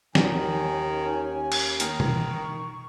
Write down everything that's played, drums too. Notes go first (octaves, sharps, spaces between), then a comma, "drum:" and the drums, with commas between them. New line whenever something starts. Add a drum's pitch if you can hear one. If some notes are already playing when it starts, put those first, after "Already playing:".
D#2 D#3 C#4 D#4 G#5, drum: snare
drum: cymbal
D#3 A#3, drum: hi-hat
E3, drum: tom B2
C#6